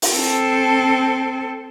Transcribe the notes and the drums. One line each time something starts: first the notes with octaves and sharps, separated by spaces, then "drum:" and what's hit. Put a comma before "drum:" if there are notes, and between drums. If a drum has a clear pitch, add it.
drum: open hi-hat
C4 A4